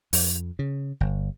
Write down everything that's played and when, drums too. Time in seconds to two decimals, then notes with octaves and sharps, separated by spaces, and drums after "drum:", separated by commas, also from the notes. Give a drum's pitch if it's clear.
0.13 F2, drum: open hi-hat
0.59 C#3
1.01 G1